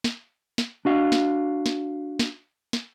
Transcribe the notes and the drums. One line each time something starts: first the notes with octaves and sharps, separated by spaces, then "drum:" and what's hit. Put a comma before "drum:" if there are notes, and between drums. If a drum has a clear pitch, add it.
drum: snare
drum: snare
D4 F#4 F5
drum: snare
drum: snare
drum: snare
drum: snare